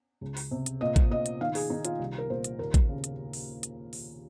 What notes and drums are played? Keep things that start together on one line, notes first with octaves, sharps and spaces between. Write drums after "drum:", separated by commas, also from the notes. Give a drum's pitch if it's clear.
C#2
drum: open hi-hat
C3
drum: hi-hat
A#2 D#5
drum: kick, hi-hat
A#2 D#5
drum: hi-hat
D#3 F5
G#4, drum: open hi-hat
D#3 D#4
F4, drum: hi-hat
C2
A#4
A#2 C5
drum: hi-hat
D#2 A#4
drum: kick, hi-hat
C#3
drum: hi-hat
drum: open hi-hat
drum: hi-hat
drum: open hi-hat